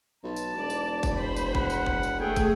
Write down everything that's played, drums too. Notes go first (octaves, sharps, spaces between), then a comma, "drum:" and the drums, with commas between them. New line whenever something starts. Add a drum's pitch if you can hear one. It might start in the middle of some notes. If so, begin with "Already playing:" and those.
B1 A5
drum: tambourine
E1 D5
drum: tambourine
drum: kick, tambourine
C5 B5
drum: tambourine
F#5, drum: kick
drum: tambourine
drum: kick
drum: tambourine
A3 G#4 G5
drum: kick, tambourine